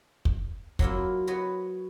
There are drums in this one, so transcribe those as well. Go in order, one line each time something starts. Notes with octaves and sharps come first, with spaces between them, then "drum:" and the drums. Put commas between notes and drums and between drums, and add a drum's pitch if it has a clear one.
drum: kick
F#3 A#3 E4 F4, drum: kick
F#4 B4 C#5 D#5